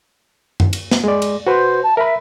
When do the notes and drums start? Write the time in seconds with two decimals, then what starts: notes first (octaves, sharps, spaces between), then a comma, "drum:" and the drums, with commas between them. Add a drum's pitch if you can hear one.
0.60 drum: tom F#2
0.73 drum: cymbal
0.91 drum: snare
1.04 G#3 D5
1.22 drum: cymbal
1.47 F#4 B4 C5
1.84 A5
1.97 A#4 E5 B5